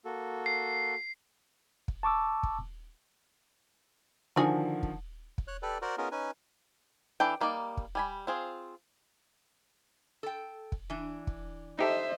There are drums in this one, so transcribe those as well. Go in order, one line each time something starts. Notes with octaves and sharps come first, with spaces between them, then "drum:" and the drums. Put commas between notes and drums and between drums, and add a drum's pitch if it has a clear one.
A#3 F#4 A4
C7
drum: kick
A5 C#6 D6 E6
drum: kick
D3 D#3 F3 D4 F#4 G#4
drum: kick
drum: kick
C#5 F#6
G4 A4 B4 D5
F#4 A#4 C5 D5
B3 C#4 D#4 F4 G#4 A#4
C#4 D#4 B4 G#5
E3 D4 A4 G5
G3 A#3 D#4 D5
drum: kick
G3 G#5 B5
C4 F4 G#4 C5
A4 G5
drum: kick
E3 D4
drum: kick
D#4 G4 A4 C5 D#5 E5